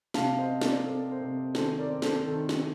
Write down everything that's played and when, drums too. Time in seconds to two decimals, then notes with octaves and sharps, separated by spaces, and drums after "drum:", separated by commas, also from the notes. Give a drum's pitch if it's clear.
0.14 C3 F5 A5, drum: snare
0.38 C5 D#5
0.50 C4
0.62 A#4 D5, drum: snare
0.85 C4 A4 C5
1.12 C5
1.20 C3 A#4
1.55 D#3 A4 C5, drum: snare
1.78 A#4 D5
1.91 C4
2.02 A4 C5, drum: snare
2.25 D#3 A4
2.49 drum: snare